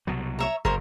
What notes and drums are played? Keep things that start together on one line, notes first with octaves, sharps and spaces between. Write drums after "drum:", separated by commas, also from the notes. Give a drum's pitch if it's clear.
C2 B2 F#3
C#5 E5 A#5
F#1 A#4 C5 C#5, drum: kick